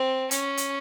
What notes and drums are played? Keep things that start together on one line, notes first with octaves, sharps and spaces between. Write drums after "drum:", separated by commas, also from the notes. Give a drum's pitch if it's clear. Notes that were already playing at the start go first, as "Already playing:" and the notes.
Already playing: C4
C#4, drum: hi-hat
drum: hi-hat